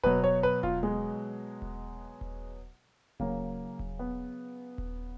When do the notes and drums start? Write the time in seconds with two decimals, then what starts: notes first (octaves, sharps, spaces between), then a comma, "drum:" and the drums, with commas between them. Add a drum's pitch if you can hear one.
0.04 B2 F#3 B4, drum: kick D#1
0.24 C#5
0.43 B4
0.63 F4, drum: kick D#1
0.83 G#3
1.62 drum: kick D#1
2.21 drum: kick D#1
3.20 C#3 F#3 A#3, drum: kick D#1
3.79 drum: kick D#1
3.99 B3
4.78 drum: kick D#1